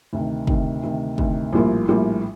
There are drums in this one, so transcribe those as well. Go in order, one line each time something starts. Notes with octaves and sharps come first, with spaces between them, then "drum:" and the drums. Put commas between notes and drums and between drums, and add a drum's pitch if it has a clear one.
D2 C3 D#3
D2 C3 D#3, drum: kick
D2 C3 D#3
D2 C3 D#3, drum: kick
A#1 A2 G3 A#3 F4
A#1 A2 G3 A#3 F4